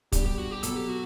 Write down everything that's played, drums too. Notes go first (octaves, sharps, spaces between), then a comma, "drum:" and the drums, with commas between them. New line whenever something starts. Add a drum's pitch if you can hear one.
B2 G3 D4 G4, drum: kick, hi-hat
G4
F#4
G4
B2 F#3 B3 A4, drum: hi-hat
G4
F#4